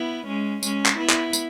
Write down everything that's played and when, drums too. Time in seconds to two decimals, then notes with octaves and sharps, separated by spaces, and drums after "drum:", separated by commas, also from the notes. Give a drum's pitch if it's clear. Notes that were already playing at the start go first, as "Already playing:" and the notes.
Already playing: B3 E4
0.26 G#3 C#4
0.63 G#3 C#4, drum: tambourine
0.86 drum: clap
0.97 B3 E4
1.10 drum: clap
1.33 drum: tambourine